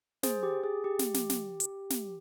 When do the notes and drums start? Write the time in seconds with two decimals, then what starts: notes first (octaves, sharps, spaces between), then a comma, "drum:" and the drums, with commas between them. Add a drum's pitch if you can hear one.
0.23 G#4 C5, drum: snare
0.43 G4
0.64 G#4
0.84 G4
0.99 drum: snare
1.14 drum: snare
1.30 drum: snare
1.60 drum: hi-hat
1.90 drum: snare